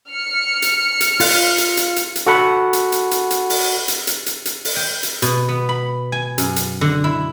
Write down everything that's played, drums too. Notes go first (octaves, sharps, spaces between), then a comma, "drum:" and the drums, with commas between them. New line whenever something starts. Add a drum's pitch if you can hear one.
F6 C#7
drum: hi-hat
drum: hi-hat
F4 F5 F#6, drum: open hi-hat
drum: hi-hat
drum: hi-hat
drum: hi-hat
drum: hi-hat
F#4 A4 F#5 B5
drum: hi-hat
drum: hi-hat
drum: hi-hat
drum: hi-hat
drum: open hi-hat
drum: hi-hat
drum: hi-hat
drum: hi-hat
drum: hi-hat
drum: open hi-hat
G5
drum: hi-hat
B2, drum: hi-hat
B3
B5
G#5
F#2, drum: hi-hat
drum: hi-hat
D3
E4